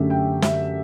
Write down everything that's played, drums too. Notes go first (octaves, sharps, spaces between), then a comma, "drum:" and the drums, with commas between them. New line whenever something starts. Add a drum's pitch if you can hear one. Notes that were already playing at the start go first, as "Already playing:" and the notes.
Already playing: F#2 D3 A3 C#4 G4 E5
G5
E5, drum: snare